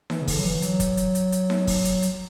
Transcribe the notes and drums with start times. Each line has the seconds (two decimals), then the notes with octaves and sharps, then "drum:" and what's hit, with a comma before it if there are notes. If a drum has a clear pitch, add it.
0.10 E3, drum: snare D#4
0.22 C#3
0.27 D3, drum: kick, open hi-hat
0.38 F#3
0.44 E3
0.62 F#3, drum: hi-hat
0.80 drum: kick, hi-hat
0.97 drum: hi-hat
1.15 drum: hi-hat
1.32 drum: hi-hat
1.50 drum: snare D#4
1.67 drum: kick, open hi-hat
1.85 drum: hi-hat
2.02 drum: hi-hat